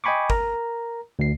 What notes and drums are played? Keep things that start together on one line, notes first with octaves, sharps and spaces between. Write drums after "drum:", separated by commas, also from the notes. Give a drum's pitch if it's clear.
D#5 G5 G#5 B5 C#6 D6
A#4 A#5, drum: kick
D2 C7